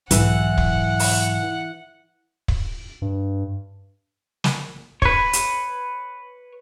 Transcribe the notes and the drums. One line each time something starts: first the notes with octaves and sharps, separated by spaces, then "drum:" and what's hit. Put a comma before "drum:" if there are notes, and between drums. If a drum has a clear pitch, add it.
B1 G#2 E3 F#5, drum: hi-hat
drum: kick
drum: open hi-hat
drum: kick
G2
drum: snare
B4 C#5, drum: kick
drum: hi-hat